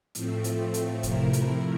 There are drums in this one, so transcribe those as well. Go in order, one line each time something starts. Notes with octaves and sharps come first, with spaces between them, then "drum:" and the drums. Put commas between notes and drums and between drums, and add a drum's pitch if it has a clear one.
A2 F3 A3 C4, drum: hi-hat
drum: hi-hat
drum: hi-hat
C3 F3 A3 E4 A#4, drum: kick, hi-hat
drum: hi-hat